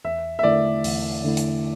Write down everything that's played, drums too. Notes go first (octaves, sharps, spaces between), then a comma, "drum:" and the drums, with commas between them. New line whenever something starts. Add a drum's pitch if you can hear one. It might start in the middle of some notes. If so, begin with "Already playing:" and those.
E2 E5
E5
D3 A3 E4 D5
E2, drum: open hi-hat
D3 A3 E4
drum: hi-hat